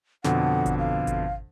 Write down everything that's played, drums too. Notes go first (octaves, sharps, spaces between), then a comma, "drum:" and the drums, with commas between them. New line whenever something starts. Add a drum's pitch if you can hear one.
F2 B2 D3 F#5, drum: snare
drum: kick G#1, hi-hat
F5
drum: kick G#1, hi-hat